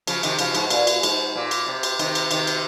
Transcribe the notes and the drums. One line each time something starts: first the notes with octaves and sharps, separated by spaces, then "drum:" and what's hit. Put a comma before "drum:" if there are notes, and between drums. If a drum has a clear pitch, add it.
C#3 F3, drum: cymbal
C3 D#3, drum: cymbal
C#3 F3, drum: cymbal
G#2, drum: cymbal
A#2, drum: cymbal
drum: cymbal
G#2, drum: cymbal
A#2
drum: cymbal
C3
drum: cymbal
C3 D#3, drum: cymbal
drum: cymbal
C3 D#3, drum: cymbal
drum: cymbal